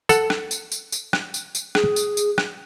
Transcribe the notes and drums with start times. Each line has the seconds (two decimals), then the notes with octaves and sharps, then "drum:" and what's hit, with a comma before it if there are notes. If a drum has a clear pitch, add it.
0.09 A4 F#5, drum: tambourine
0.30 drum: rim click
0.51 drum: tambourine
0.72 drum: tambourine
0.92 drum: tambourine
1.13 drum: rim click
1.34 drum: tambourine
1.55 drum: tambourine
1.75 G#4, drum: rim click
1.96 drum: tambourine
2.17 drum: tambourine
2.38 drum: rim click